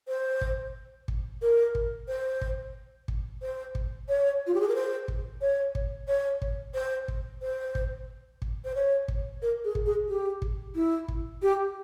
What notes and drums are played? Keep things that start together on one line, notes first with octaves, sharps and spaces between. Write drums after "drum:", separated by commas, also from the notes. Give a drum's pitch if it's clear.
C5
drum: kick
drum: kick
A#4
drum: kick
C5
drum: kick
drum: kick
C5
drum: kick
C#5
F4
G4
G#4
A#4
C5
drum: kick
C#5
drum: kick
C#5
drum: kick
C5
drum: kick
C5
drum: kick
drum: kick
C5
C#5
drum: kick
A#4
G#4
drum: kick
G#4
G4
drum: kick
E4
drum: kick
G4